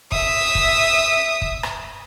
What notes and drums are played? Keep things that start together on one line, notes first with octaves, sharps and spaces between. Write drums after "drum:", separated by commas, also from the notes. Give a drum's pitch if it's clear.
E5 D#6, drum: kick
drum: kick
drum: kick
drum: rim click